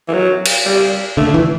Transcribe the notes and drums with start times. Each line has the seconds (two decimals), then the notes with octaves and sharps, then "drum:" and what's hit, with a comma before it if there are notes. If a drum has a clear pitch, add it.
0.08 E3
0.13 F#3
0.46 drum: cymbal
0.66 G3
1.17 D3 A3
1.34 E3